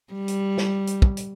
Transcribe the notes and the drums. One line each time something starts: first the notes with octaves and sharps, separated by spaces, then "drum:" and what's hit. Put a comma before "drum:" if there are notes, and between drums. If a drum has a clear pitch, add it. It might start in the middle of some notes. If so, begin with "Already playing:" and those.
G3
drum: hi-hat
drum: snare
drum: hi-hat
drum: kick
drum: hi-hat